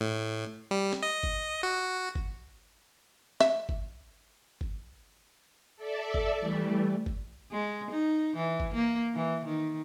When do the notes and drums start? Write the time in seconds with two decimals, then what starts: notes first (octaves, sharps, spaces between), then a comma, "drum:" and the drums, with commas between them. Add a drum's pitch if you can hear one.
0.01 A2
0.71 G3
0.93 drum: snare
1.02 D#5
1.23 drum: kick G1
1.63 F#4
2.15 drum: kick G1
3.40 E5, drum: snare
3.69 drum: kick G1
4.61 drum: kick G1
5.76 A4 D5 E5
6.14 drum: kick G1
6.40 E3 G3 A3
7.06 drum: kick G1
7.51 G#3
7.90 D#4
8.36 E3
8.60 drum: kick G1
8.74 A#3
9.14 E3
9.45 D#3